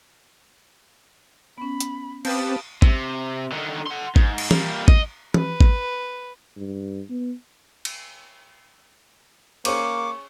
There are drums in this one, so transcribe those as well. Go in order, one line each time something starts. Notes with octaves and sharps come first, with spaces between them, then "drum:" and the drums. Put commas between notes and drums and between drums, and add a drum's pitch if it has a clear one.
B3 C#4 B5
drum: hi-hat
C4 G4 B4 F5 G5 A5 D#6 G6, drum: cymbal
C3, drum: kick G#1
D3 D#3
F#5 C6
G#2, drum: kick G#1
drum: cymbal
G3 A#3, drum: tom
D#5, drum: kick G#1
B4, drum: tom
drum: kick G#1
G2
B3
drum: cymbal
A#3 C#4 G#4 C5 C#6 D6, drum: cymbal